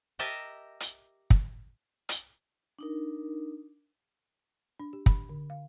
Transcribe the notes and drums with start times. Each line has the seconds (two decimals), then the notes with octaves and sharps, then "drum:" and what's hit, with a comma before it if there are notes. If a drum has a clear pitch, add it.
0.19 G4 A#4 D#5 E5 A5
0.80 drum: hi-hat
1.30 drum: kick
2.09 drum: hi-hat
2.79 D4 D#4 A#4
4.80 D4
4.93 G4
5.06 B5, drum: kick
5.29 D3
5.50 F5